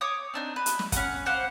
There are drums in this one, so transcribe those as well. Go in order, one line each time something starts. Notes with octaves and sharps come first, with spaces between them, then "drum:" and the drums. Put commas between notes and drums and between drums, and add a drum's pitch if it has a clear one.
C#5 D6 D#6
C4 D4 D#4
B4
drum: hi-hat
drum: snare
C#4 F#5, drum: kick, hi-hat
C5 F5 F#5 D6